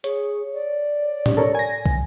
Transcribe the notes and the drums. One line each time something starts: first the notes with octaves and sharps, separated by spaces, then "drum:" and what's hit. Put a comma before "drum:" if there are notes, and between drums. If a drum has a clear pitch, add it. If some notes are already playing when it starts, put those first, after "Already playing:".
G#4 C#5, drum: hi-hat
D5
drum: tom
A4 A#4 C#5
G#5 A#6
drum: kick